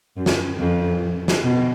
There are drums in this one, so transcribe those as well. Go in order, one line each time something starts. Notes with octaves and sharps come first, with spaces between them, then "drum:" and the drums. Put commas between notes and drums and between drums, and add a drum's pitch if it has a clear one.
F#2
drum: snare
F2
drum: snare
B2